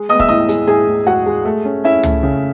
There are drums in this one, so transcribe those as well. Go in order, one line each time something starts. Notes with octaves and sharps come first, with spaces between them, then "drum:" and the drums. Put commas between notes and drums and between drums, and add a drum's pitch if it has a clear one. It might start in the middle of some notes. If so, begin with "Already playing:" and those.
Already playing: G#3
B3 D#5 D#6
E5 E6, drum: kick
A2 D#5 D#6
G#3, drum: hi-hat
A2 G#4 G#5
A2
G#3 F#4 F#5
G#3
A3
C#4
C#4 E4 E5
A3, drum: tom
C#3